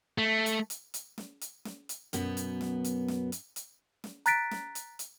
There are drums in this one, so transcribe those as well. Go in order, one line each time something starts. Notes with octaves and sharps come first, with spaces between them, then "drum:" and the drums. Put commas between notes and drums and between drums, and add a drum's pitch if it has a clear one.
A3
drum: hi-hat
drum: hi-hat
drum: hi-hat
drum: snare
drum: hi-hat
drum: snare
drum: hi-hat
F#2 B2 B3, drum: hi-hat
drum: hi-hat
drum: snare
drum: hi-hat
drum: snare
drum: hi-hat
drum: hi-hat
drum: snare
A#5 F#6 A6 B6 D7, drum: hi-hat
drum: snare
drum: hi-hat
drum: hi-hat